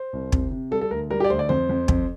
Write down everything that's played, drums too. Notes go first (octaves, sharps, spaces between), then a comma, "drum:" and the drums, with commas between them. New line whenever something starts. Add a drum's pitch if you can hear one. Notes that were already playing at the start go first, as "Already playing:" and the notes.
Already playing: C5
C2
C3, drum: kick
C3
G3 A4
A4
D2 A#4
G3 A#4
G4
D5
D2 C5
D5
F2 C5
F2
F2, drum: kick